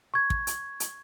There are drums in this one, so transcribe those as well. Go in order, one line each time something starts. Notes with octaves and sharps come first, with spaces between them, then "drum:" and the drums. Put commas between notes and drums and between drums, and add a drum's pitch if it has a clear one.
C#6 G#6
drum: kick
drum: hi-hat
drum: hi-hat